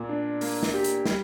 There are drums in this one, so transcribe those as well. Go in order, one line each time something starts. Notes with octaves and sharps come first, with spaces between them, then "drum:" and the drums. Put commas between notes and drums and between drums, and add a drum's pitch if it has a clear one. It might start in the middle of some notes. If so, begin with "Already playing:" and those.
Already playing: A#2
D4
A#3, drum: open hi-hat
drum: snare
G4
drum: hi-hat
G3, drum: snare